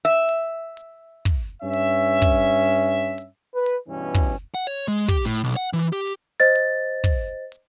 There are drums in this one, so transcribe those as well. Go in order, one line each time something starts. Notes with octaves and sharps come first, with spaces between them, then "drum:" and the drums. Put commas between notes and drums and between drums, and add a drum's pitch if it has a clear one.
E5
drum: hi-hat
drum: hi-hat
drum: kick, hi-hat
G2 C#4 E5
drum: hi-hat
drum: kick, hi-hat
drum: hi-hat
B4
drum: hi-hat
G2 B2 E3 C#4
drum: kick, hi-hat
F#5
C#5
G#3
G4, drum: kick, hi-hat
A2
B1
F#5
E3
G4
drum: hi-hat
C5 D#5 A6
drum: hi-hat
drum: kick, hi-hat
drum: hi-hat